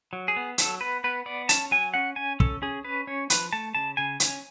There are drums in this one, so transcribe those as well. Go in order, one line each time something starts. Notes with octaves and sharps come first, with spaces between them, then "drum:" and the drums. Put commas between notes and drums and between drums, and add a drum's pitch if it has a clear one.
F#3
G#4
B3
F#3 A4, drum: hi-hat
B3 B4
B3 B4
B3 D5
C#4 A5, drum: hi-hat
F#3 G#5
C#4 F#5
C#4 G#5
C#4 A4, drum: kick
C#4 G#4
C#4 B4
C#4 C#5
F3 B4, drum: hi-hat
A3 A5
C#3 A5
C#3 G#5
C#4, drum: hi-hat